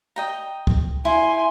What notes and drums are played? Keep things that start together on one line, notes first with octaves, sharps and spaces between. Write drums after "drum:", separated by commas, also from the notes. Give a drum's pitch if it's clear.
D#5 G5 A#5
drum: kick
E4 G#5 C6